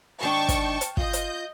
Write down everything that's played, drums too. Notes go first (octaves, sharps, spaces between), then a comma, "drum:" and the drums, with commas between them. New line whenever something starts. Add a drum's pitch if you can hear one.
G#2 D#3 D4 G5 A5 C#6
drum: kick, hi-hat
drum: hi-hat
F4 D#5 G6, drum: kick
drum: hi-hat